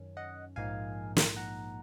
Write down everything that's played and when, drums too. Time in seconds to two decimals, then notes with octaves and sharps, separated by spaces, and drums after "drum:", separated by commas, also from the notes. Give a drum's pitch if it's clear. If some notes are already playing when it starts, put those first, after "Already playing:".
Already playing: F#2 D#3 C#4
0.17 D#5 F#5
0.56 A#1 G#2 F3 A#3 D#4 F5 G#5
1.17 drum: snare
1.37 F#5 A#5